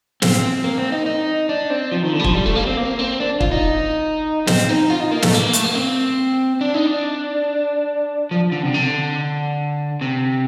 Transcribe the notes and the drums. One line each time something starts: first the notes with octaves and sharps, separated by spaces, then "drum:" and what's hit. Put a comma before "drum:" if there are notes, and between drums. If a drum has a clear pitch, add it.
C4, drum: snare
A#3
C4
D#4
D#4
D4
C4
F3
D#3
D3
G3
F3, drum: kick
G3
A3
A#3
C4
A#3
C4
D4
F4, drum: kick
D#4
C4, drum: snare
D#4
F4
D#4
A#3
A3, drum: snare
A#3
A3, drum: hi-hat
A#3
C4
D4
D#4
D4
F3
D3
C3
D3
C3